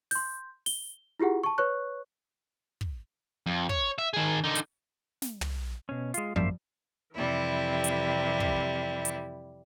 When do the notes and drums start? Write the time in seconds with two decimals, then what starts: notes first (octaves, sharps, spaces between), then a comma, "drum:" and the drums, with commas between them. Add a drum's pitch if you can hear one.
0.11 C6 G6, drum: open hi-hat
0.66 G7, drum: open hi-hat
1.20 E4 F4 G4 G#4 F#5
1.44 A5 C#6
1.58 B4 C#5 C#6 F#6
2.81 drum: kick
3.46 F2
3.69 C#5, drum: kick
3.98 E5
4.13 D#3 G#4
4.44 D3 D#4
4.55 drum: hi-hat
5.22 drum: snare
5.41 drum: tom
5.89 B2 C#4
6.14 G#3 F4, drum: hi-hat
6.36 G#1 F#2 F3 G3 A#3 C#4 C5 E5
7.15 F2 C3 E3 G3 E4
7.84 drum: hi-hat
8.40 drum: kick
9.05 drum: hi-hat